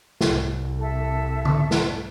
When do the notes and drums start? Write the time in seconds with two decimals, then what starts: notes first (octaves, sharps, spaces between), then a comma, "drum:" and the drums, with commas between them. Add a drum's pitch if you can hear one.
0.21 C2, drum: snare
0.80 A4 E5
1.45 drum: tom D3
1.71 drum: snare